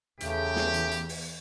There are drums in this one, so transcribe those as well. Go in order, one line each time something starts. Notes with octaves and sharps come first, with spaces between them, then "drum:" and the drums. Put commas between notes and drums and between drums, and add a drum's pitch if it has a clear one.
E2 C#3 A3 G4, drum: hi-hat
drum: snare
drum: hi-hat
drum: hi-hat
drum: open hi-hat